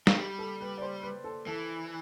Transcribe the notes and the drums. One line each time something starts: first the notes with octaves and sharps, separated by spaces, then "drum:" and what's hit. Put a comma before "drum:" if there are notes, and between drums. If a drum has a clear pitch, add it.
F3, drum: snare
G3 G4
A4
B4
D5
C5
B4
A4
E3 A4